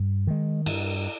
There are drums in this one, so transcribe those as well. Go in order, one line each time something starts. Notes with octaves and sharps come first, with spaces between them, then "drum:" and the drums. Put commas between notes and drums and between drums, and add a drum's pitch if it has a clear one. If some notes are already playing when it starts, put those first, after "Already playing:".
Already playing: G2
D#3 G#3
G2, drum: cymbal